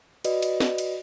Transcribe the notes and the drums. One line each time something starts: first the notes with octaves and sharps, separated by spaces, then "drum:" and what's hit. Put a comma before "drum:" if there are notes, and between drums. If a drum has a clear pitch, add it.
F#4 B4 D5 D#5, drum: cymbal
drum: cymbal
drum: snare
drum: cymbal